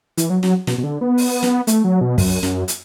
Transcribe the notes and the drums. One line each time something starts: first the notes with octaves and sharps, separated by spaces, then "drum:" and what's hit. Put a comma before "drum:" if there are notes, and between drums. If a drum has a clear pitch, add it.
E3, drum: hi-hat
F#3
F#3, drum: snare
B2, drum: snare
B2
D3
B3
drum: open hi-hat
drum: snare
A3, drum: hi-hat
F#3
B2
F#2, drum: kick, open hi-hat
F#2, drum: snare
drum: hi-hat